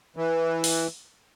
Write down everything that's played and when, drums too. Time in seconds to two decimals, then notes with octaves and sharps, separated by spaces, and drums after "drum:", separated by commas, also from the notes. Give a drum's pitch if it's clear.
0.17 E3
0.64 drum: open hi-hat